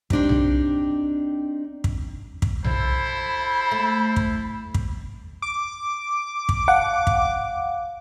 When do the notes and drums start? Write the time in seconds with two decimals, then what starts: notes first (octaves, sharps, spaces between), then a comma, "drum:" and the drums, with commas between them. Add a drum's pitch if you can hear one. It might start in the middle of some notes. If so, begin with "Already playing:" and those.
0.10 C4 D4 D#4 G4, drum: kick
0.29 drum: tom B1
1.84 drum: kick
2.42 drum: kick
2.64 E4 A4 C5 B5, drum: tom B1
3.71 A3
4.16 drum: kick
4.74 drum: kick
5.42 D6
6.49 drum: kick
6.68 F5 F#5
7.07 drum: kick